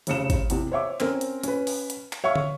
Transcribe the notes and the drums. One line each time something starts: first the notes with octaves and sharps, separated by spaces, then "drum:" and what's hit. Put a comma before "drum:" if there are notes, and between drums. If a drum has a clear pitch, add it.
F1 C#3 C#7 E7, drum: hi-hat
drum: kick G#1, hi-hat
E2 C3, drum: hi-hat
C5 C#5 E5 D6
C4 C#4 A#4 C5, drum: clap
drum: hi-hat
C#4 B4, drum: hi-hat
drum: open hi-hat
drum: hi-hat
drum: clap
C#5 E5 F5 C#6
drum: tom